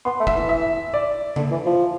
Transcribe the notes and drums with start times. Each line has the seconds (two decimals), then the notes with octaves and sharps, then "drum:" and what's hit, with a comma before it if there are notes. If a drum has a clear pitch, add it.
0.05 B3 C6
0.20 A3
0.27 E5, drum: kick
0.35 E3
0.49 E5
0.94 D5
1.36 D3, drum: tom C#3
1.51 E3
1.66 F3